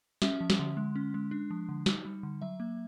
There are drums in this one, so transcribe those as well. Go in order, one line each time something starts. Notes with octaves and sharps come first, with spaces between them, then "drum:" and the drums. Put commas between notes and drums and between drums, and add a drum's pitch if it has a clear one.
C#4 E5, drum: snare
F3
drum: snare
D3
G#3
C#4
G#3
D4
F3
D3
D#4, drum: snare
G3
D3
F#3 E5
A#3